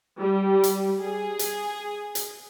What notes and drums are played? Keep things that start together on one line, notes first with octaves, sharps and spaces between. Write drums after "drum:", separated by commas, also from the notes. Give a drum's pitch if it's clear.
G3
drum: hi-hat
G#4
drum: hi-hat
drum: hi-hat